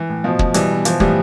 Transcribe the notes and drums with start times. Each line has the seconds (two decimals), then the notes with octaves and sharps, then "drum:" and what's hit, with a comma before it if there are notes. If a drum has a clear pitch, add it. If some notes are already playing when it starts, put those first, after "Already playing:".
Already playing: E3
0.09 A2
0.24 B2 F3
0.39 B2, drum: kick
0.54 B2 E3 G3, drum: hi-hat
0.71 B2
0.85 E3 F3, drum: hi-hat
1.00 A2 E3 G3, drum: kick